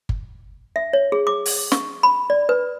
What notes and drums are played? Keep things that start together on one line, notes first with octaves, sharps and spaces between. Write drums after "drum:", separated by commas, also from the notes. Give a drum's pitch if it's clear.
drum: kick G1
E5
C#5
G#4
D6
drum: open hi-hat
C#6, drum: snare
B5
D5
B4